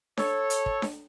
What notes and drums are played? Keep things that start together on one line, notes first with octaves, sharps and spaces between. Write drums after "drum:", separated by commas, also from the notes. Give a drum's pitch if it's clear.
A4 C#5, drum: snare D4
drum: hi-hat
drum: kick
drum: snare D4